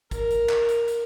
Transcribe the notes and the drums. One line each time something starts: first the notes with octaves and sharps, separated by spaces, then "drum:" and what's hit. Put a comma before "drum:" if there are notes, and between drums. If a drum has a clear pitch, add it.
A#4, drum: kick, hi-hat
drum: hi-hat
drum: clap
drum: hi-hat
drum: hi-hat